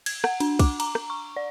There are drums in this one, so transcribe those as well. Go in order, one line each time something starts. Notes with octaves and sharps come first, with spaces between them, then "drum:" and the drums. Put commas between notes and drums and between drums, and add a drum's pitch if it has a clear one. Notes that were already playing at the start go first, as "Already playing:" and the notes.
G#6, drum: cymbal
F#5, drum: rim click
D4, drum: cymbal
D6, drum: kick, cymbal
A#5, drum: cymbal
drum: rim click
C#6
D5